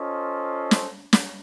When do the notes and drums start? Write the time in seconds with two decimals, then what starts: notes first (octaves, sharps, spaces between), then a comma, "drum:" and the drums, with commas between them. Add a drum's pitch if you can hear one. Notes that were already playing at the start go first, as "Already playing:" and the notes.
Already playing: C#4 F4 A4 C5 D#5
0.71 drum: snare
1.13 drum: snare